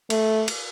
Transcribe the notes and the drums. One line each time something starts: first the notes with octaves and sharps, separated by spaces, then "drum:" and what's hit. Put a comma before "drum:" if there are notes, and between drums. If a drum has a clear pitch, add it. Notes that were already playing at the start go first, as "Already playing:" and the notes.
A3, drum: cymbal
drum: cymbal